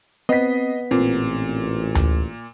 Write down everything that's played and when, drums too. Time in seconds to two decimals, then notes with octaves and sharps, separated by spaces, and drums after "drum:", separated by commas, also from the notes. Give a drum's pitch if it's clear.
0.29 B3 C4 D#5 B6
0.91 A1 A#2 C4
1.95 drum: tom D2